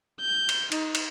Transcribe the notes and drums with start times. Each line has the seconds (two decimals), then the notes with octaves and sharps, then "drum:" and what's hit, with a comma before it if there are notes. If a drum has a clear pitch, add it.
0.21 G6
0.49 drum: cymbal
0.72 D#4, drum: cymbal
0.95 drum: cymbal